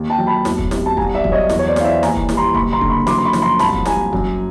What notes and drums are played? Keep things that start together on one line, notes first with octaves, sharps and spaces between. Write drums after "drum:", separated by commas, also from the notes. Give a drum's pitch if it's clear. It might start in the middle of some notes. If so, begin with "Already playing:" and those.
Already playing: D#2
G5 A5
F#3
A5 B5
E1, drum: snare
drum: kick
C3, drum: snare
A5
C2 G#5 A#5, drum: kick
D5 E5
F#3, drum: kick
C#5 D#5
E2, drum: snare
C#5
C5 D5
E3 F5, drum: snare
D5 E5
D#2 G#5 A#5, drum: snare
drum: kick
G3, drum: snare
A#5 C6
F#1 B5 C#6, drum: kick
A#5 C6
D3, drum: kick
B5 C#6
F#2 C6 D6, drum: snare
C6
B5 C#6
F3, drum: snare
A#5 C6
C2 A5 B5, drum: snare
drum: kick
G3 G#5 A#5, drum: snare
F#2, drum: kick